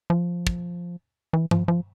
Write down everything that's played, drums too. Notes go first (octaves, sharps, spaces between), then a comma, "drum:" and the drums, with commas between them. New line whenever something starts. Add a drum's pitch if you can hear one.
F3
drum: kick
E3
F3, drum: tom G2
F3